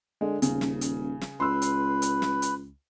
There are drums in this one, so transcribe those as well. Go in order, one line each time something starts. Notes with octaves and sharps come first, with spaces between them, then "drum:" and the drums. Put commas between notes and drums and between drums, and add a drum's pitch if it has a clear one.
D3 G#3
D#1 C#3, drum: hi-hat
drum: snare
drum: hi-hat
drum: snare
C#2 B4 C6 E6
drum: hi-hat
drum: hi-hat
drum: snare
drum: hi-hat